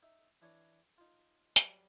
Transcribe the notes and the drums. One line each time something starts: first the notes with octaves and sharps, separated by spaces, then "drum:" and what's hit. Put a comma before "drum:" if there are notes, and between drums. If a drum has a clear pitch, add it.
D#4 E5
E3 D4 C#5
D#4 F4
F#3 G3, drum: hi-hat